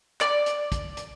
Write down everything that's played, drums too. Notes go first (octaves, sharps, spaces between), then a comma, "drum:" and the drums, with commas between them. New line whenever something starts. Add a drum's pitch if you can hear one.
D5, drum: clap
drum: hi-hat
drum: kick, hi-hat
drum: hi-hat